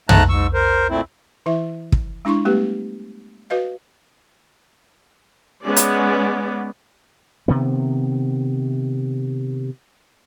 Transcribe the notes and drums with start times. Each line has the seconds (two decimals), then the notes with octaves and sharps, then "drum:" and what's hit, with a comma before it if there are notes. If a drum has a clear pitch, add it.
0.09 G#2 A3 A5 A#5 F#6, drum: tom
0.29 G#2 C#6 E6
0.54 A#4 C5
0.90 A#2 A3 C4 E4
1.46 E3 E4 E5
1.92 drum: kick
2.25 G#3 D4 E4 C6 C#6
2.45 G3 A3 B3 G4 B4
3.50 F#4 B4 D#5 F5
5.63 G#3 B3 C#4 D5
5.76 drum: hi-hat
7.48 C3 D#3 B3